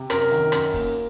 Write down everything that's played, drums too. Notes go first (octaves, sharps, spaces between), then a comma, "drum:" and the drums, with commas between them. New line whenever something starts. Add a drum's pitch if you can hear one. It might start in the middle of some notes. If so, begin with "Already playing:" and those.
Already playing: C3
F#2 A#4, drum: rim click
D#3, drum: hi-hat
F#2, drum: rim click
A#3, drum: kick, open hi-hat